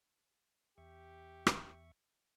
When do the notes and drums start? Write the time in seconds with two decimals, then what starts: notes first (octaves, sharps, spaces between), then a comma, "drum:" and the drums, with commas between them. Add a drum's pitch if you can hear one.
0.78 E2 G4 E5 C#6
1.47 drum: rim click